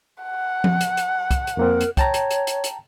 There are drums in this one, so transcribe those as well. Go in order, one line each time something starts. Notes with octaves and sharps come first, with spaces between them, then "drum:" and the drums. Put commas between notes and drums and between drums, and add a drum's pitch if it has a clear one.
F#5
drum: tom F3
drum: hi-hat
drum: hi-hat
drum: kick, hi-hat
drum: hi-hat
F2 A#3 C4 A#4
drum: hi-hat
C#5 G5 A5 A#5, drum: kick, hi-hat
drum: hi-hat
drum: hi-hat
drum: hi-hat
drum: hi-hat